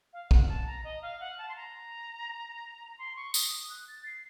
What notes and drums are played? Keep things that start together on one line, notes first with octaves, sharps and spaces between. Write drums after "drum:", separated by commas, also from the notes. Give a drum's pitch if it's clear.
F5
F#5, drum: kick
A5
A#5
D#5
F5
F#5
A5
C6
A#5
A#5
C6
C#6
D#6, drum: tambourine
D#6
F#6
A6
C7